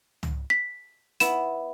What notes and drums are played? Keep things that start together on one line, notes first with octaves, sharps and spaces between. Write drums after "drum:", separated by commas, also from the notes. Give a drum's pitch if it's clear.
drum: tom
B6
B3 E4 E7, drum: hi-hat